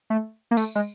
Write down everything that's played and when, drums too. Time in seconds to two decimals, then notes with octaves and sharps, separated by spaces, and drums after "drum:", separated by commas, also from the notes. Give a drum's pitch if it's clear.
0.10 A3
0.51 A#3
0.57 A3, drum: tambourine
0.75 G#3